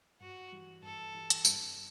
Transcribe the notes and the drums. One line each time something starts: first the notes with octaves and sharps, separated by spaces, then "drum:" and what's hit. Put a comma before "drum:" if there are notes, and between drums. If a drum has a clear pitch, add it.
G2 F#4
E3 G3
G2 A4
E3 G3
drum: hi-hat
G2, drum: tambourine